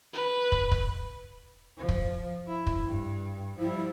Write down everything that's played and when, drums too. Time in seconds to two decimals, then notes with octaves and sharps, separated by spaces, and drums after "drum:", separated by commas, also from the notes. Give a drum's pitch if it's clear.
0.13 B4
0.52 drum: kick
0.72 drum: kick
1.78 F3
1.89 drum: kick
2.47 E4
2.67 drum: kick
2.86 G2
3.59 F3 G3 E4